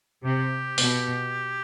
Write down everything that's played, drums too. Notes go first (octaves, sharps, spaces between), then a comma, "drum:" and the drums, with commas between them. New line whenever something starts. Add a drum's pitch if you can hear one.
C3 G4
B2, drum: open hi-hat